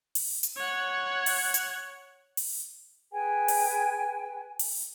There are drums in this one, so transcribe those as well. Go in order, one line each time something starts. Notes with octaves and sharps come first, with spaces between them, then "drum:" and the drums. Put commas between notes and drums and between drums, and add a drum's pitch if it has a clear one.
drum: open hi-hat
drum: hi-hat
C#5 F#5
drum: open hi-hat
drum: hi-hat
drum: open hi-hat
G#4 B4 G5 G#5
drum: open hi-hat
drum: open hi-hat